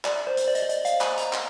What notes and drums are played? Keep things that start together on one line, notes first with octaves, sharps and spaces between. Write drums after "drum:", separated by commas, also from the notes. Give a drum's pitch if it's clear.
D5, drum: clap
C5
drum: hi-hat
D5
D#5, drum: hi-hat
D5
D#5, drum: hi-hat
F5, drum: hi-hat
G#5, drum: clap
A#5, drum: hi-hat
C6, drum: clap